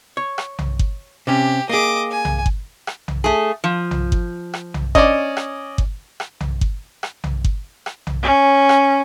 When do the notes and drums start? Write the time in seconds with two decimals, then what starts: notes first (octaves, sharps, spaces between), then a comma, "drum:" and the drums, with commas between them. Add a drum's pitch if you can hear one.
0.17 C#5
0.38 drum: rim click
0.59 drum: tom B1
0.79 drum: kick G1
1.27 C3 C#4 G4
1.69 A#3 G#4 D#5 D6
2.11 G#5
2.25 drum: tom B1
2.46 drum: kick G1
2.87 drum: rim click
3.08 drum: tom B1
3.24 A3 G#4
3.64 F3
3.91 drum: tom B1
4.12 drum: kick G1
4.54 drum: rim click
4.74 drum: tom B1
4.95 C#4 D5 D#5, drum: kick G1
5.37 drum: rim click
5.78 drum: kick G1
6.20 drum: rim click
6.41 drum: tom B1
6.61 drum: kick G1
7.03 drum: rim click
7.24 drum: tom B1
7.44 drum: kick G1
7.86 drum: rim click
8.07 drum: tom B1
8.22 C#4
8.69 drum: rim click